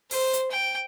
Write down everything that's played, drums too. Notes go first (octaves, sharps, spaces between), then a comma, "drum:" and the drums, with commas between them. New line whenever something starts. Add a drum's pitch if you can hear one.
C5, drum: open hi-hat
drum: hi-hat
G5